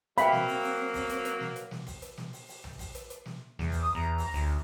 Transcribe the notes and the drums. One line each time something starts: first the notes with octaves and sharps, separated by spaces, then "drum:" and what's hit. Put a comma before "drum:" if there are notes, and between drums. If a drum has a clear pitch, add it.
F#3 A#3 C4 F5 G5 B5, drum: hi-hat
drum: snare
drum: open hi-hat
drum: open hi-hat
drum: kick, open hi-hat
drum: hi-hat
drum: hi-hat
drum: snare
drum: hi-hat
drum: snare
drum: kick, open hi-hat
drum: hi-hat
drum: snare
drum: open hi-hat
drum: open hi-hat
drum: tom A#1
drum: kick, open hi-hat
drum: hi-hat
drum: hi-hat
drum: snare
E2, drum: snare
drum: kick, open hi-hat
D#6
E2 A#5
drum: open hi-hat
D2, drum: open hi-hat